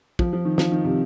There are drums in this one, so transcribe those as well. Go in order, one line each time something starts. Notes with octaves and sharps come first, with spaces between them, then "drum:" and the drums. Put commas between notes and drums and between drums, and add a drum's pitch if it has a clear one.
F3, drum: kick
F3
D#3
F3, drum: snare
D#3
C3